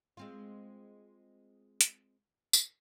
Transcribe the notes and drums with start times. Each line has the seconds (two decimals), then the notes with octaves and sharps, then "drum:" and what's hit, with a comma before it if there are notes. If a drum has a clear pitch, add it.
0.17 G#3 C4 F4
1.81 drum: hi-hat
2.53 drum: tambourine